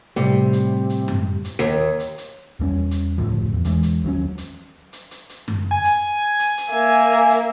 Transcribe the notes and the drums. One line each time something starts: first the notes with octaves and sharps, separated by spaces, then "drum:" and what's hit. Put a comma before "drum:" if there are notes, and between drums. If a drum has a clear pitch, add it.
A2 C3 G3
drum: hi-hat
drum: hi-hat
drum: tom F#2
drum: hi-hat
D#2
drum: hi-hat
drum: hi-hat
E2 G3 C#4
drum: hi-hat
F#1 D2 A2 F3
E2
E2 E3 G#3, drum: hi-hat
drum: hi-hat
D#2 F#3 C#4
drum: hi-hat
drum: hi-hat
drum: hi-hat
drum: hi-hat
drum: tom F#2
G#5
drum: hi-hat
drum: hi-hat
drum: hi-hat
A#3 E5
drum: hi-hat